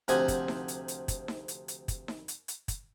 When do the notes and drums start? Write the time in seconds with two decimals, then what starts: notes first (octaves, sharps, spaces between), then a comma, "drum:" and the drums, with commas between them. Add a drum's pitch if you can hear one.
0.08 D2 C3 F3 D#4 F#5 G#5, drum: hi-hat
0.28 drum: kick, hi-hat
0.48 drum: snare D#4
0.68 drum: hi-hat
0.88 drum: hi-hat
1.08 drum: kick, hi-hat
1.28 drum: snare D#4
1.48 drum: hi-hat
1.68 drum: hi-hat
1.88 drum: kick, hi-hat
2.08 drum: snare D#4
2.28 drum: hi-hat
2.48 drum: hi-hat
2.68 drum: kick, hi-hat